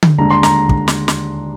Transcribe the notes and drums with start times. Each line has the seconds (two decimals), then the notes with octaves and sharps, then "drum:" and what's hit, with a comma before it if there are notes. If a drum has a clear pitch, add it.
0.03 drum: tom D3
0.18 D#2 D3 G#3 D4 A#5
0.30 C6
0.43 A#5, drum: snare
0.69 drum: kick
0.88 drum: snare
1.08 drum: snare